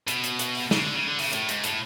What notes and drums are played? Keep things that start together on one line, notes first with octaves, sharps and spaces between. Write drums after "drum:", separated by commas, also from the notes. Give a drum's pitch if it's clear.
B2, drum: hi-hat
drum: hi-hat
drum: hi-hat
drum: open hi-hat
C#3, drum: snare
D3
C#3
D3
C#3, drum: open hi-hat
A2, drum: hi-hat
G#2, drum: hi-hat
A2, drum: hi-hat